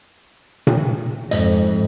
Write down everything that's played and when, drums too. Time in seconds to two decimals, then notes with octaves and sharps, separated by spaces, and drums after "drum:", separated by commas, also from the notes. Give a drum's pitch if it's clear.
0.67 drum: tom A#2
1.31 F2 G#2 D#5, drum: hi-hat